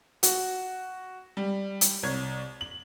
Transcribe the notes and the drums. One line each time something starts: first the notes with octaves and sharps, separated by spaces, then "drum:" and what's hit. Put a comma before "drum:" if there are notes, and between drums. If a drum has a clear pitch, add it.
F#4, drum: hi-hat
G3
drum: hi-hat
C2 C#5 G#6
F#7